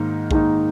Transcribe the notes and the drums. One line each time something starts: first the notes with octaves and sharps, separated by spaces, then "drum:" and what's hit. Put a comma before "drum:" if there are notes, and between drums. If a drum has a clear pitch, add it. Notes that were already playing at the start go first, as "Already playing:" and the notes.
Already playing: G#2 D#3 A#3 D#4
G#2 D#3 A#3 D#4, drum: kick A#1